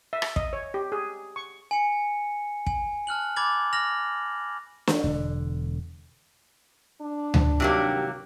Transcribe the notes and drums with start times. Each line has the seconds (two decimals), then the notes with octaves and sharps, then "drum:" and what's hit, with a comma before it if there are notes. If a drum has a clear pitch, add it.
0.13 E5
0.22 drum: rim click
0.36 D#5, drum: kick
0.53 C#5
0.74 G4
0.92 G#4
1.36 C#6
1.71 G#5 C#7
2.67 G#5, drum: kick
3.07 A5 F6 F#6 F#7
3.36 B5 D6 G#6 A6 F#7
3.73 F6 A#6 F7 F#7
4.87 drum: snare
5.04 E1 D3
7.01 D4
7.34 drum: tom D2
7.60 G2 C3 D#3 F#3 A#3 G4